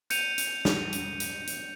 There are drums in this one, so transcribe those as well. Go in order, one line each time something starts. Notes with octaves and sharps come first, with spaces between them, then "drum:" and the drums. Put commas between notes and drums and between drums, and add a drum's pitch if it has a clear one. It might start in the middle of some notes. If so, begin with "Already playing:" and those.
G6 C#7 D#7 F7, drum: hi-hat
drum: hi-hat
drum: snare
drum: hi-hat
drum: hi-hat
drum: hi-hat